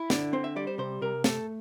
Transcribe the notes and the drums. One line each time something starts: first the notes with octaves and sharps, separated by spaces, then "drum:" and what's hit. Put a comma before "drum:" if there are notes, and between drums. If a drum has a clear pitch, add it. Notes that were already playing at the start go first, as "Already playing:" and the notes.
Already playing: E4
D3 D5, drum: snare
C4 C5
E5
G3 D5
C5
C3 C5
C3 A#4
A3 A4, drum: snare